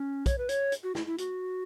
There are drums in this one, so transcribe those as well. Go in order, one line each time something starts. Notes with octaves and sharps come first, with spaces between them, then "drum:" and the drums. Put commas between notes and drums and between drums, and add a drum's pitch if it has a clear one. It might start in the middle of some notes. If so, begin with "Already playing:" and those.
Already playing: C#4
C#5, drum: kick, hi-hat
B4
C#5, drum: hi-hat
drum: hi-hat
F#4
E4, drum: snare
E4
F#4, drum: hi-hat